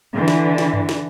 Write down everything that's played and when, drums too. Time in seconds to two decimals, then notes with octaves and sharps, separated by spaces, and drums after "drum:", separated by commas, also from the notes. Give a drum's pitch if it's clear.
0.12 D3 E3
0.28 drum: snare
0.58 drum: snare
0.73 drum: tom F#2
0.89 drum: snare